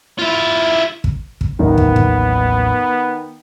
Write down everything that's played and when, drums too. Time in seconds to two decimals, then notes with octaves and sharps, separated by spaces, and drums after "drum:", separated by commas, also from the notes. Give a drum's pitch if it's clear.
0.19 E4 F4
1.04 drum: kick
1.41 drum: kick
1.59 A1 D#2 D#3 F#3 B3
1.78 drum: kick
1.96 drum: kick